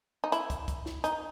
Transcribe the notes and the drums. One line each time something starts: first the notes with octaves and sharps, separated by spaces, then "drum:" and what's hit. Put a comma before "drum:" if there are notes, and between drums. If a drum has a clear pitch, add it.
D#4
E4, drum: hi-hat
drum: kick, hi-hat
drum: kick, hi-hat
drum: snare
D#4, drum: hi-hat